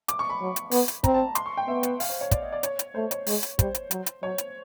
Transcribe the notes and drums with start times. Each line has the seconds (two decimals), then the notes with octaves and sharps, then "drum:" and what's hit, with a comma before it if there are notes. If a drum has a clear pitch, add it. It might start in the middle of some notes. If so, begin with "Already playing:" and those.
0.08 D6, drum: hi-hat
0.19 C#6
0.30 B5
0.41 F#3
0.56 drum: hi-hat
0.71 B3, drum: open hi-hat
0.88 drum: hi-hat
1.04 C4 A#5, drum: kick, hi-hat
1.14 A5
1.35 C6, drum: hi-hat
1.46 C#6
1.57 G5
1.67 B3 E5
1.83 F#5, drum: hi-hat
2.00 F5, drum: open hi-hat
2.09 C5
2.21 C#5
2.31 D5, drum: kick, hi-hat
2.42 D#5
2.53 D5
2.63 C#5, drum: hi-hat
2.79 drum: hi-hat
2.95 A3 C5
3.11 C#5, drum: hi-hat
3.27 G#3, drum: open hi-hat
3.43 drum: hi-hat
3.59 G3 C5, drum: kick, hi-hat
3.75 drum: hi-hat
3.91 F#3, drum: hi-hat
4.06 drum: hi-hat
4.23 F#3 C#5
4.38 drum: hi-hat